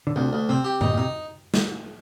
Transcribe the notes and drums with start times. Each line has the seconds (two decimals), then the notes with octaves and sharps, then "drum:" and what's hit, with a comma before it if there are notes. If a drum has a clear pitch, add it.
0.07 D3
0.16 D2 C3
0.33 D2
0.49 C3 C4
0.64 G4
0.81 A#2 D#4, drum: tom F#2
0.93 A#2
0.97 C3 D#4
1.54 drum: snare